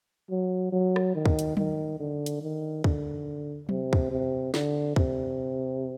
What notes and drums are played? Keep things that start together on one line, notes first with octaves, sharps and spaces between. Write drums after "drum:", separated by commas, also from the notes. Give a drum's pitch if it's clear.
F#3
F#3
drum: rim click
D#3
drum: kick
drum: hi-hat
D#3, drum: tom F#3
D3
drum: hi-hat
D#3
D3, drum: kick
C3, drum: tom F#3
drum: kick
C3
D3, drum: snare
C3, drum: kick